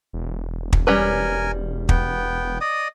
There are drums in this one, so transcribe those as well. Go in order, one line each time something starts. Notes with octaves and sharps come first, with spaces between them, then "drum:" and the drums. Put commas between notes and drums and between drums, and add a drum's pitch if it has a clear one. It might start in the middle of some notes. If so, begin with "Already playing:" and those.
E1
drum: kick
G3 C#4 A#4 B4 G#5
B3 G5, drum: kick
D5 D#5 D#6